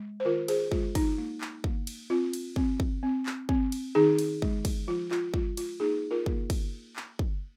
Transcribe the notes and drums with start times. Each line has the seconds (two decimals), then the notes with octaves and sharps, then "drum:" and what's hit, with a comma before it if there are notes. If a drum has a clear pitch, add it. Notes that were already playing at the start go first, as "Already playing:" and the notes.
Already playing: G#3
0.20 C5
0.25 D#3 F4 A#4
0.48 G#4 C5, drum: cymbal
0.72 G#3 F4, drum: kick
0.95 D#4, drum: kick, cymbal
1.18 A#3
1.41 drum: clap
1.64 A#3, drum: kick
1.87 drum: cymbal
2.10 C4 F4
2.33 drum: cymbal
2.56 C4, drum: kick
2.80 drum: kick
3.03 C4
3.26 drum: clap
3.49 C4, drum: kick
3.72 drum: cymbal
3.95 D#3 D#4 G#4
4.19 drum: cymbal
4.42 G#3, drum: kick
4.65 drum: kick, cymbal
4.87 F3 F4
5.11 F4, drum: clap
5.34 G#3 F4, drum: kick
5.57 F4, drum: cymbal
5.80 A#3 D#4 G#4
6.11 F4 A#4
6.26 A#3, drum: kick
6.50 drum: kick, cymbal
6.96 drum: clap
7.19 drum: kick